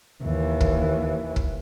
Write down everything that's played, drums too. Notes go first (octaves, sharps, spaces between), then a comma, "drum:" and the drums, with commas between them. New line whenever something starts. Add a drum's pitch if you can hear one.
D#2 E3
drum: kick
drum: kick